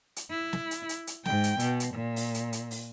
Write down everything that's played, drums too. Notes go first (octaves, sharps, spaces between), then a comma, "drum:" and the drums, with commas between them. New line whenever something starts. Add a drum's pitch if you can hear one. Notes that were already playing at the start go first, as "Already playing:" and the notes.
drum: hi-hat
E4
drum: snare
drum: hi-hat
drum: hi-hat
drum: hi-hat
G#2 G5, drum: snare
drum: hi-hat
B2, drum: hi-hat
drum: hi-hat
A#2
drum: open hi-hat
drum: hi-hat
drum: hi-hat
drum: open hi-hat